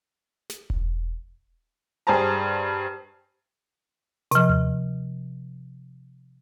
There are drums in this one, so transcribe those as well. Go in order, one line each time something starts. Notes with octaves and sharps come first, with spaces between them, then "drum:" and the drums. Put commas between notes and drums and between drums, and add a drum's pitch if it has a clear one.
drum: snare
drum: kick E1
G2 G#4 C5 A5 A#5
C3 F3, drum: hi-hat
drum: tom D#2